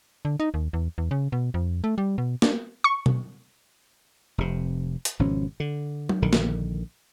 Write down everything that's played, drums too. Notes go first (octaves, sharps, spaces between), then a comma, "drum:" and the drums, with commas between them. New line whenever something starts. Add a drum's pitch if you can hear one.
D3
D#4
D#2
E2
E2
C#3
B2
F2
A3
G3
B2
D4, drum: snare A#3
C#6
drum: tom B2
F1 C3
drum: hi-hat
G#1 B2 F3 C#4
D3
drum: tom F#3
A#1 D3 D#3
drum: snare A#3